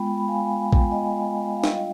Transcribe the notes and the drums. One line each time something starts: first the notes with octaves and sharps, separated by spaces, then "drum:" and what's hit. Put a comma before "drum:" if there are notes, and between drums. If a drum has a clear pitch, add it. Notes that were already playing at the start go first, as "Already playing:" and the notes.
Already playing: G#3 B3 F4 G5 B5
B5
F5 G#5
G#3 B3 F4 G5, drum: kick A#1
G#5
D#5 G5
F5
G3 D4 F4 D#5 G5, drum: snare